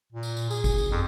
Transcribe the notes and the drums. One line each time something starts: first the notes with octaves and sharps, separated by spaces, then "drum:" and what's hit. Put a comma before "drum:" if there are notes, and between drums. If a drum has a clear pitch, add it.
A#2
drum: tambourine
drum: tambourine
G#4, drum: tambourine
drum: kick, tambourine
drum: tambourine
F2